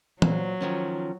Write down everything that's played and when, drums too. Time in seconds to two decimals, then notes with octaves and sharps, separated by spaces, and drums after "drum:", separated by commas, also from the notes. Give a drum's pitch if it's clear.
0.22 A#2 F#3 C5, drum: tom E3
0.61 D#3 F3 C#4